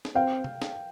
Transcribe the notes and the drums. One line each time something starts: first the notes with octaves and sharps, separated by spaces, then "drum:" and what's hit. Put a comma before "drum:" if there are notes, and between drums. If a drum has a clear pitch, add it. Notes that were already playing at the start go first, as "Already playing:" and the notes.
drum: snare
C4 F5 G5
drum: tom C3
drum: snare